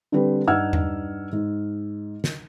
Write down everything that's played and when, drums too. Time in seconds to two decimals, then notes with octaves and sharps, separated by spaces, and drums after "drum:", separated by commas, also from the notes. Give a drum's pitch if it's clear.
0.12 D3 G3 C4 G4 B4
0.48 G2 D#4 F#5 E6 F6 G#6
0.73 drum: tom E2
1.32 G#2
2.24 drum: snare